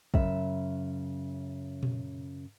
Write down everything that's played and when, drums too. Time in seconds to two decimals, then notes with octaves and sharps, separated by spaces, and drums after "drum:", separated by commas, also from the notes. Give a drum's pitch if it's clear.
0.14 F#2 C#3 E5, drum: kick
1.83 drum: tom A#2